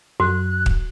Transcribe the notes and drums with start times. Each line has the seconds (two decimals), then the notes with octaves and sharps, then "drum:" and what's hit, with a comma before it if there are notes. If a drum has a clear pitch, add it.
0.20 F#2 F#4 F#6
0.66 drum: kick